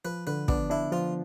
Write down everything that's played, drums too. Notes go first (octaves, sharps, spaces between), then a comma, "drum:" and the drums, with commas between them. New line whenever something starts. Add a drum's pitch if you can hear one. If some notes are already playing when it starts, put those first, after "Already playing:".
F3 B4
D3 B4
B3 D4, drum: kick
D4 E4
F3 F4